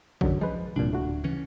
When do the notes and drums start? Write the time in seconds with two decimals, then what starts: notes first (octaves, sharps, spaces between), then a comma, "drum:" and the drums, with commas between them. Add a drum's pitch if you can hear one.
0.21 F#2 D3 F#3, drum: kick A1
0.41 F3 G#3 B4
0.76 D1 C2 A#2 D4
0.93 A3 F#4
1.24 C#3 E3 C#4